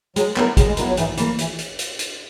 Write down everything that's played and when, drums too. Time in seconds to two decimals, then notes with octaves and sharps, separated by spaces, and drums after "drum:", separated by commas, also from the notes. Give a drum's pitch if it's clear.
0.16 F#3 G#3, drum: hi-hat
0.36 F#3 B3 E4 A#4, drum: clap
0.57 F#3 G#3, drum: kick, hi-hat
0.67 G#3
0.77 F#3 B3 E4 A#4, drum: hi-hat
0.88 F#3
0.97 G#2 E3, drum: hi-hat
1.17 E3 A#3, drum: hi-hat
1.38 E3, drum: hi-hat
1.58 drum: hi-hat
1.79 drum: hi-hat
1.99 drum: hi-hat